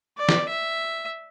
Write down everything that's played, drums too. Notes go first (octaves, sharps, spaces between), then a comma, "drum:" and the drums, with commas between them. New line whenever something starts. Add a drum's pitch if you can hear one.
D5
drum: snare
E5